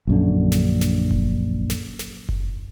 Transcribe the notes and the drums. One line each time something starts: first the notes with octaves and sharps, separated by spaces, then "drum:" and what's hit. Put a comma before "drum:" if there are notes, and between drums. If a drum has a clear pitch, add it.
A#1 F#2 D3
drum: snare
drum: snare
drum: kick F#1
drum: snare
drum: snare
drum: kick F#1